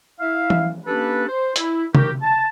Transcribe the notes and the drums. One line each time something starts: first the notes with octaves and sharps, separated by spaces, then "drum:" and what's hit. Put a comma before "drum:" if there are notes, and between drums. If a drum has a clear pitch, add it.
E4 E5 F5
drum: tom E3
A#3 C#4 D4 G4 A4 B4
C5
E4, drum: hi-hat
D#3 F#4 G4 A#4, drum: tom
A5